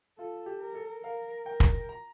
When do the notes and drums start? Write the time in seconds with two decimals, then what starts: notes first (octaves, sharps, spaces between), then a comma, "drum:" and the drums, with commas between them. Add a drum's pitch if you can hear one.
0.18 F4 A4
0.46 G4
0.60 A#4
0.75 A4
1.03 A#4 F5
1.46 A#4 G5
1.60 drum: kick
1.89 A#5